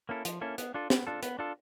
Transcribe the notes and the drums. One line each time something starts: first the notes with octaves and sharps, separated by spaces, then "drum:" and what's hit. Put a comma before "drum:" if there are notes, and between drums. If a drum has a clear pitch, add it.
A#3 C#4 E4 A4
F3, drum: hi-hat
A#3 C#4 E4 A4
B3, drum: hi-hat
D4 F4 A4
B3, drum: snare
D4 F4 A4
B3, drum: hi-hat
D4 F4 A4